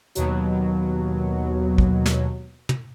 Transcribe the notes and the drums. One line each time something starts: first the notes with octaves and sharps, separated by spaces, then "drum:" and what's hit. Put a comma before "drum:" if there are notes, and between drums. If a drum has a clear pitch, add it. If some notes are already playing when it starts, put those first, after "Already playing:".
D#2 B2 F#3, drum: hi-hat
drum: kick
drum: snare
drum: tom